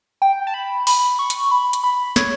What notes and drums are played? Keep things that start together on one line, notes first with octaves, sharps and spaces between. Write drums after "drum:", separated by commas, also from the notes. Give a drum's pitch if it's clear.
G5
A5
B5
B5, drum: open hi-hat
C#6
drum: hi-hat
B5
drum: hi-hat
B5
C#5, drum: snare